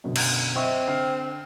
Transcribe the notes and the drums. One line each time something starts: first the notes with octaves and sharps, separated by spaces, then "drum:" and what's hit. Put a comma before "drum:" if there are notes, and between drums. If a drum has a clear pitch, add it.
F#2 B2 D3
drum: cymbal
C4 D#5 E5 C#6
D3 F6 C7